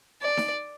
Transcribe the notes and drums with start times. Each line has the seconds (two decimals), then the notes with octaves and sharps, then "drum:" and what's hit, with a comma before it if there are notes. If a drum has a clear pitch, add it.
0.21 D5
0.37 drum: snare D#4